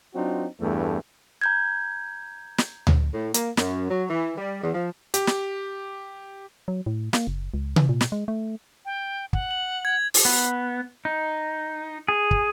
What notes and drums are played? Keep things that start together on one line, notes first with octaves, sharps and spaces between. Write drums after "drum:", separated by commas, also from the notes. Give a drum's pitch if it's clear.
F#3 C4 D4 D#4 F4 F#4
E2 G2 A3
A#5 G6 G#6
drum: snare
drum: tom D2
A2
A#3, drum: hi-hat
F#2, drum: snare
F#3
E3
G3
E2
F3
G4, drum: hi-hat
drum: snare
F#3
A2
A#3, drum: snare
F#1
C#2
E3, drum: tom C3
A#2
drum: snare
G#3
A3
G5
F#5, drum: kick
F#7
G#6
drum: open hi-hat
B3
D#4
G#4
drum: kick